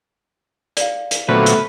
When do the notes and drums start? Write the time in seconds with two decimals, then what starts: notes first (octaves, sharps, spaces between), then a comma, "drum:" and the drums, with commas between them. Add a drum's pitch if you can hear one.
0.77 D5 F5, drum: hi-hat
1.11 drum: hi-hat
1.29 A#2 D3 F#3 A3 B3 C4 B4
1.46 drum: hi-hat